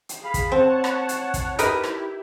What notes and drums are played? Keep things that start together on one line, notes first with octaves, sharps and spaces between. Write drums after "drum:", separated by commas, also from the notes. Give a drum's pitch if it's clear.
drum: hi-hat
G#4 F5 B5
drum: kick, hi-hat
C4 C#5 F#5 A5
drum: rim click
drum: hi-hat
drum: kick, hi-hat
D#4 E4 G4 A#4 B4, drum: hi-hat
drum: rim click